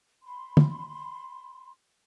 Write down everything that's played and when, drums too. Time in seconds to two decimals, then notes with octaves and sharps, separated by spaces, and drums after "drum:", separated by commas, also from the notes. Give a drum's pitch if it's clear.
0.23 B5 C6
0.57 drum: tom